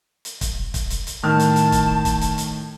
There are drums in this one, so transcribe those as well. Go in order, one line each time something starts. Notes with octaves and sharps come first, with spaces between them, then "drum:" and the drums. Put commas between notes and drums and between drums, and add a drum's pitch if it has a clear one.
drum: hi-hat
drum: kick, hi-hat
drum: kick, hi-hat
drum: hi-hat
drum: hi-hat
A2 D#3 A5 F6
drum: hi-hat
drum: hi-hat
drum: kick, hi-hat
drum: kick, hi-hat
drum: hi-hat
drum: hi-hat